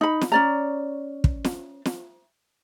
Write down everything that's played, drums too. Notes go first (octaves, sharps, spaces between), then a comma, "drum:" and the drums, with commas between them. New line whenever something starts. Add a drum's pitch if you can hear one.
D#4 B5
drum: snare
C#4 D5 A#5
drum: kick
drum: snare
drum: snare